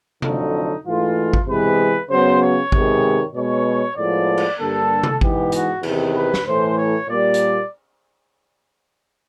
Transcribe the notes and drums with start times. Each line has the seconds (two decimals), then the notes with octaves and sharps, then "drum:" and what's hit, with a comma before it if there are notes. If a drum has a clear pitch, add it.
0.22 F2 D3 F#3 A3 D#4, drum: tom C3
0.85 G#2 E3 A3 F4
1.34 drum: kick G#1
1.47 C3 E3 G#3 B3 B4
2.09 C#3 F#3 B3 C5
2.41 C#5
2.72 C3 D#3 G#3 B3, drum: kick G#1
3.34 B2 G#3 B3 C#5
3.96 A2 F3 G#3 B3 D5
4.37 drum: cymbal
4.59 G2 D3 G3 A#3 A4
5.03 drum: tom C3
5.21 G#2 E3 G#3 B3 G4, drum: kick G#1
5.52 F#4, drum: hi-hat
5.83 E2 C3 D#3, drum: cymbal
6.14 B4
6.34 drum: snare
6.46 A2 E3 A3 C5
6.77 C#5
7.09 A#2 G3 A#3 D5
7.34 drum: hi-hat